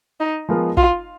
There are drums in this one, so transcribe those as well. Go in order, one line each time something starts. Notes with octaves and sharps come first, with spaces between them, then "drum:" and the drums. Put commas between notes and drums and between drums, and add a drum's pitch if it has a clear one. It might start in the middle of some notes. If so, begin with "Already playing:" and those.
D#4
F3 G#3 B3 F4 A#4
F4, drum: kick